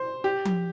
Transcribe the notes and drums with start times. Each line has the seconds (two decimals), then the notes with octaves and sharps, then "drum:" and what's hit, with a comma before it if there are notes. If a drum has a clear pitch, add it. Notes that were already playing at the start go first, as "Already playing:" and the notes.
Already playing: C5
0.24 G4
0.45 drum: tom F3